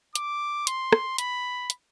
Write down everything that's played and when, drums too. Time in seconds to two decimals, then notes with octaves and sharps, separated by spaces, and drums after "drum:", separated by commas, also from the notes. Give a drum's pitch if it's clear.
0.15 D6, drum: hi-hat
0.67 C6, drum: hi-hat
0.93 drum: rim click
1.18 B5, drum: hi-hat
1.70 drum: hi-hat